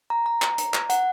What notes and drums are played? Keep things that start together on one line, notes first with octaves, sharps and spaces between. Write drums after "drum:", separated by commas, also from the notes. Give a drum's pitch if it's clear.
A#5
A#5
drum: clap
drum: hi-hat
drum: clap
F#5, drum: hi-hat